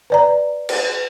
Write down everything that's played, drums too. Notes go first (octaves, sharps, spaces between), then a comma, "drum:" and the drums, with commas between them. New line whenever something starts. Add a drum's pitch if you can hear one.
B4 D5 A#5
drum: cymbal